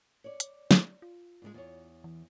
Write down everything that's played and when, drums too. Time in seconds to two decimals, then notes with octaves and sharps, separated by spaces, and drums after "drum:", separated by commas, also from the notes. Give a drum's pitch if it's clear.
0.24 C#5 D5
0.40 drum: hi-hat
0.71 drum: snare
1.02 F4
1.42 G#2 D3 G#3
1.54 E2 C#5
2.04 E3